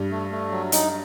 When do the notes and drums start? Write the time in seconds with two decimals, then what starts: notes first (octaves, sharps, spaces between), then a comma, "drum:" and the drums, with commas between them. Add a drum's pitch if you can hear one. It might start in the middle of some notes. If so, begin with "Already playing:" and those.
Already playing: G2 G3
0.10 A3
0.31 A3
0.51 F#3
0.72 D#4, drum: hi-hat